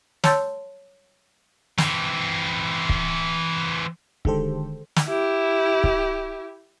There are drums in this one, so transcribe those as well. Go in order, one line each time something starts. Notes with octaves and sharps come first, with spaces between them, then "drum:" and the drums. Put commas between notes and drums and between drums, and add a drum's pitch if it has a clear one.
C#5 A5 C6 E6 G6 A6, drum: snare
E3 C4, drum: snare
drum: kick C#1
D3 D#3 G#3 G4 A4 C5, drum: kick C#1
drum: snare
E4 G4
drum: kick C#1